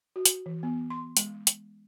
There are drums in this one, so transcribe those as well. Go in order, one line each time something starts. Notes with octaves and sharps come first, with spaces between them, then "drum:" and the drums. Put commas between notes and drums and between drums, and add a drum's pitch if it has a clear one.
F#4
drum: hi-hat
E3
B3
C6
G#3, drum: hi-hat
drum: hi-hat